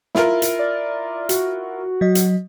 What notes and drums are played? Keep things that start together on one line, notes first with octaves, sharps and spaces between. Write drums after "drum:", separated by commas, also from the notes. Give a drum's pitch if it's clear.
E4 F4 A#4, drum: snare
drum: hi-hat
D5
F#4, drum: hi-hat
F#3 D#5
drum: hi-hat